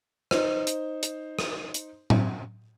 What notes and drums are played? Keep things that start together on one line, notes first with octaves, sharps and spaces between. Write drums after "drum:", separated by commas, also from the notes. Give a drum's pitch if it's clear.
D#4 C5, drum: rim click
drum: hi-hat
drum: hi-hat
drum: rim click
drum: hi-hat
drum: tom A2